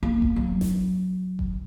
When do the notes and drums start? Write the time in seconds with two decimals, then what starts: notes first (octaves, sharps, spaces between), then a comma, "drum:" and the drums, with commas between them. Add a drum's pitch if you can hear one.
0.03 A#3
0.22 drum: kick F1
0.36 F#3
0.61 drum: snare A1
1.39 drum: kick F1